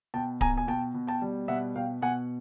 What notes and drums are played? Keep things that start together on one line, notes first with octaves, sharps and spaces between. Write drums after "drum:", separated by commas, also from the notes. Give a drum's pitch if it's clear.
B2 G5 A5
B2 G#5 A#5, drum: kick D1
G#5
B2 G5 A5
B2
G5 A5
G3
B2 E5 F#5
B2 F5 G5
B2 F#5 G#5